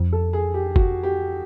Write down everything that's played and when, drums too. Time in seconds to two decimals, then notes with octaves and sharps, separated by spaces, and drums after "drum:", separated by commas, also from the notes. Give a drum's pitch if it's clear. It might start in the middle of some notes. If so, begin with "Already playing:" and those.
Already playing: F2
0.12 A4
0.33 G#4
0.54 G4
0.76 F#4, drum: kick F#1
1.03 G4